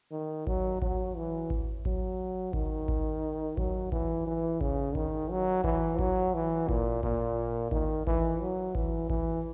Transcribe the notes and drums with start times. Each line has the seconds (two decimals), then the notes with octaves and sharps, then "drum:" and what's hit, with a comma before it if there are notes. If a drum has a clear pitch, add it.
0.12 D#3
0.47 F#3, drum: kick G#1
0.82 F#3, drum: kick G#1
1.16 E3
1.50 drum: kick G#1
1.85 F#3, drum: kick G#1
2.53 D#3, drum: kick G#1
2.88 drum: kick G#1
3.57 F#3, drum: kick G#1
3.92 E3, drum: kick G#1
4.27 E3
4.61 C#3, drum: kick G#1
4.95 D#3, drum: kick G#1
5.31 F#3
5.64 E3, drum: kick G#1
5.99 F#3, drum: kick G#1
6.34 E3
6.69 A#2, drum: kick G#1
7.03 A#2, drum: kick G#1
7.71 D#3, drum: kick G#1
8.07 E3, drum: kick G#1
8.41 F#3
8.75 E3, drum: kick G#1
9.10 E3, drum: kick G#1